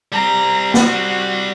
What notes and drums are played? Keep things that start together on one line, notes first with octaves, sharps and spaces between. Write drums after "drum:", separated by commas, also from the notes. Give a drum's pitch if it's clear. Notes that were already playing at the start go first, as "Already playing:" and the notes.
G3 C4 A#5
F#4, drum: snare